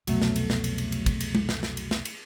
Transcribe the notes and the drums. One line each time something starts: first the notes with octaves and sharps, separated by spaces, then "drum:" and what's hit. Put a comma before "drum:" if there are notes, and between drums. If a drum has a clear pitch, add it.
C2 F2 B2 F#3 A3, drum: cymbal
drum: snare
drum: cymbal
drum: snare
drum: cymbal
drum: cymbal
drum: cymbal
drum: kick, cymbal
drum: cymbal
drum: tom G#3
drum: snare
drum: snare
drum: cymbal
drum: snare
drum: cymbal